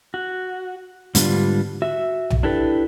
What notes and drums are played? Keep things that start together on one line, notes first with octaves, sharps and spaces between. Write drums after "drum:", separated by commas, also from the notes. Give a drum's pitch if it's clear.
F#4
G#2 D3 G3 B3 D4 F4, drum: hi-hat
F#4 E5
drum: tom B1
D4 E4 G4 A4 B4